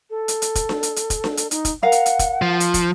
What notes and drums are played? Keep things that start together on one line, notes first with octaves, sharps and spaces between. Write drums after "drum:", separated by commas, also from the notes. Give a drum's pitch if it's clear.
A4
drum: hi-hat
drum: hi-hat
drum: kick, hi-hat
drum: snare D4
drum: hi-hat
drum: hi-hat
drum: kick, hi-hat
drum: snare D4
drum: hi-hat
D#4, drum: hi-hat
drum: kick, hi-hat
A#4 F5 F#5
drum: hi-hat
drum: hi-hat
drum: kick, hi-hat
F3
drum: hi-hat
drum: kick, hi-hat